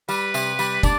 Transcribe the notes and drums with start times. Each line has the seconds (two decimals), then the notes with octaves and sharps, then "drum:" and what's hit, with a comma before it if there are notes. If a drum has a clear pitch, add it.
0.09 G3 B4, drum: tambourine
0.34 C3, drum: tambourine
0.59 G3, drum: tambourine
0.83 D4 D5, drum: kick, tambourine